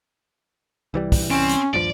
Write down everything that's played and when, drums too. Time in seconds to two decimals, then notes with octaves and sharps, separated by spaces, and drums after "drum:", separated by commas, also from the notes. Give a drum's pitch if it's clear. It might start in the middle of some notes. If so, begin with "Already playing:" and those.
0.94 C2 E3 G3
1.12 drum: kick, open hi-hat
1.31 C4 C#4
1.49 drum: hi-hat
1.74 D#1 G2 F3 D5